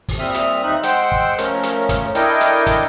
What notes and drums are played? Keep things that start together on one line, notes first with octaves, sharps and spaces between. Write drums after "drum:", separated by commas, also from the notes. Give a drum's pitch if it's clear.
drum: kick, open hi-hat
A#2 G3 C4 E5 D#6 F6
drum: hi-hat
D#2 C4 D#4 E5 D#6 F#6
G#3 C5 F#5 G5 E6, drum: hi-hat
drum: kick
F3 A3 C#4 A#4, drum: hi-hat
drum: hi-hat
drum: kick, hi-hat
D4 E4 A4 A#4 D#5 G5, drum: hi-hat
drum: hi-hat
drum: kick, hi-hat